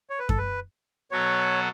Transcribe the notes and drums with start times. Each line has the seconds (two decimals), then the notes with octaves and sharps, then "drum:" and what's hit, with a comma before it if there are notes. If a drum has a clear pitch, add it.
0.10 C#5
0.19 B4
0.29 A4, drum: kick F#2
0.38 B4
1.11 B2 F#3 B3 F#4 A4 C#5